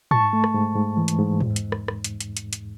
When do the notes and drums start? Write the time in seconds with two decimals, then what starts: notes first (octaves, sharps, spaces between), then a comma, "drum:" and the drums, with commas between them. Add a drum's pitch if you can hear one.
0.11 G#2 A5 C#6, drum: tom G#2
0.33 A3
0.44 drum: rim click
0.55 G#2
0.75 G#2
0.97 E3
1.08 drum: hi-hat
1.19 G#2
1.40 E2, drum: tom G#2
1.56 drum: hi-hat
1.72 drum: rim click
1.88 drum: rim click
2.04 drum: hi-hat
2.20 drum: hi-hat
2.37 drum: hi-hat
2.53 drum: hi-hat